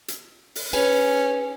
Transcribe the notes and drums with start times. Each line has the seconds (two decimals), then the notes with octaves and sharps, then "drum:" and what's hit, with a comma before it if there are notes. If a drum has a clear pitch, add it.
0.08 drum: hi-hat
0.55 drum: open hi-hat
0.73 C#4 G#4 B4 G#5, drum: cymbal